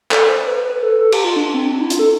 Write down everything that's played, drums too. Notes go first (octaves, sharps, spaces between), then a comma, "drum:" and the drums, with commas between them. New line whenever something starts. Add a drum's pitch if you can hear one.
A4, drum: clap
C5
B4
B4
A4
A4
G4, drum: cymbal
F4
D4
C4
D4
E4
F4, drum: hi-hat
A4